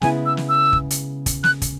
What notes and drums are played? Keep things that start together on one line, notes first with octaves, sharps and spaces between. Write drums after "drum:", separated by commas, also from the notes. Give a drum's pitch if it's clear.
C#3 G#3 B3 E4 G#5, drum: snare
E6
drum: snare
E6
drum: kick
drum: hi-hat
drum: kick, hi-hat
F#6, drum: snare
drum: kick, hi-hat